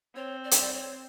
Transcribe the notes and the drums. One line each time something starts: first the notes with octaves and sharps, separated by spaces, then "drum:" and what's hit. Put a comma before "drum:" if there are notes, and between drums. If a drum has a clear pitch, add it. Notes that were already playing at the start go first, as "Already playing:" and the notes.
C4 C#5
D5
C#5, drum: hi-hat
D5
C#5